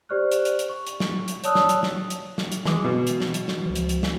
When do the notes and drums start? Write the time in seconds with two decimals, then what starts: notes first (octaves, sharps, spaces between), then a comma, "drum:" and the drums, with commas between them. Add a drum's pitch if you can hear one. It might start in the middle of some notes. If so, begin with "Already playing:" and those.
0.09 G4 C5 D5 C#6 F6 F#6
0.32 drum: hi-hat
0.45 drum: hi-hat
0.59 drum: hi-hat
0.69 C#6
0.87 drum: hi-hat
1.00 drum: snare
1.28 drum: hi-hat
1.44 C#5 D5 A5 D#6 E6 F#6, drum: hi-hat
1.55 drum: snare
1.69 drum: hi-hat
1.83 drum: snare
2.10 drum: hi-hat
2.38 drum: snare
2.52 drum: hi-hat
2.65 E3 G#3 D6, drum: snare
2.84 B2
3.07 drum: hi-hat
3.20 drum: snare
3.34 drum: hi-hat
3.48 drum: snare
3.66 C#2 F3
3.75 drum: hi-hat
3.89 drum: hi-hat
4.03 drum: snare